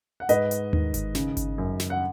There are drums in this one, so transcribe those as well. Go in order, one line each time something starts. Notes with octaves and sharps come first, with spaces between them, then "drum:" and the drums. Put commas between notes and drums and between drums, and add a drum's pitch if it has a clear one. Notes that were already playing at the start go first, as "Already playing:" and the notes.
F#5
G#2 B4 D#5, drum: hi-hat
drum: hi-hat
D#3, drum: tom D#2
drum: kick G1, hi-hat
C#3, drum: snare
drum: kick G1, hi-hat
F#2
drum: snare
F#5